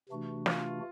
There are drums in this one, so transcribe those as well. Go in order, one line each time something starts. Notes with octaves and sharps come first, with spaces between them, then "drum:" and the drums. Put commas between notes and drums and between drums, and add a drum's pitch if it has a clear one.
C3 E3 A3 D4 F#4
F4, drum: snare